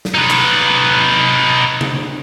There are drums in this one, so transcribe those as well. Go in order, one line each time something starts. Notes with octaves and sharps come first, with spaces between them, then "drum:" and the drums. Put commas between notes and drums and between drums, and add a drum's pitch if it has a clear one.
drum: snare
D#4 B4
drum: clap
drum: tom C3